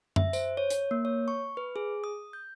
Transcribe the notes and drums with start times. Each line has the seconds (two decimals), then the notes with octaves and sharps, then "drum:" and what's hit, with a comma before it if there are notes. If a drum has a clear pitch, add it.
0.16 E5, drum: tom F#2
0.33 C5, drum: tambourine
0.57 C#5
0.70 drum: hi-hat
0.91 A#3
1.05 C#5
1.28 C#6
1.57 B4
1.76 G#4
2.04 D#6
2.33 G6